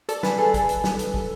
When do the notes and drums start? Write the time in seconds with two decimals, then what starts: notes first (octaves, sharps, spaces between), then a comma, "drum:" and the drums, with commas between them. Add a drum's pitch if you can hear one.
0.09 A4 D5, drum: hi-hat
0.23 G#4 B4, drum: snare
0.38 G#4 A4
0.54 G#4, drum: kick, hi-hat
0.69 drum: hi-hat
0.84 drum: snare
0.99 drum: hi-hat
1.14 drum: kick